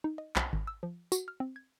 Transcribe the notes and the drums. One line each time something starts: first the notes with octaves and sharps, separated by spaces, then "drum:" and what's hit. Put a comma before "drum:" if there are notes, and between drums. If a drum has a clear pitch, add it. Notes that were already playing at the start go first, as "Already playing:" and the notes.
D#4
D#5
B1, drum: clap
G#1
E6
F3
F#4, drum: tambourine
F6
C4
G#6